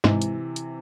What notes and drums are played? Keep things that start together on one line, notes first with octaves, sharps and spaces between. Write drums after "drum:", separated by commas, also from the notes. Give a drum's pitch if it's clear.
G#2 C3 E3, drum: snare
drum: hi-hat
drum: hi-hat